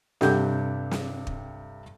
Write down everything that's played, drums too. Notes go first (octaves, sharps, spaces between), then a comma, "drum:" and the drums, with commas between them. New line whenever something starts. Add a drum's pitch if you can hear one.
G2 C3 G4 A4 F#5 G6, drum: snare
drum: snare
drum: kick